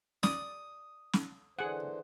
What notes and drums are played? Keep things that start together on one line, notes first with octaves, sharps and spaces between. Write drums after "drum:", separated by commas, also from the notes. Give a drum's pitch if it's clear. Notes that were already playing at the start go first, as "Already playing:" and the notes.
D5 D#6, drum: snare
drum: snare
D3 E3 G#4 C5 F#5